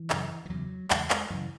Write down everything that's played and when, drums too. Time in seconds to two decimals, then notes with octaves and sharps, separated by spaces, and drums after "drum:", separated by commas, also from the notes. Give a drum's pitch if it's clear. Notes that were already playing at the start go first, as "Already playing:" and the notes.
Already playing: E3
0.10 F#2 C#3, drum: clap
0.45 E3
0.50 E2 C#3 F#3
0.90 E2 C#3 G#3, drum: clap
1.10 G#3, drum: clap
1.30 F#2 C#3 E3